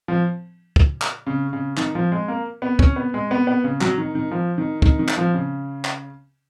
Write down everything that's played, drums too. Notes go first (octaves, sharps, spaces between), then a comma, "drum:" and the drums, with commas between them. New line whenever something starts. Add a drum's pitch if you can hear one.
F3
drum: kick
drum: clap
C#3
C#3
D#3, drum: clap
F3
G#3
A#3
B3
C#4, drum: kick
B3
G#3
B3
B3
C#3
F#3, drum: clap
D#3
D#3
F3
D#3
D#3, drum: kick
D#3
drum: clap
F3
C#3
drum: clap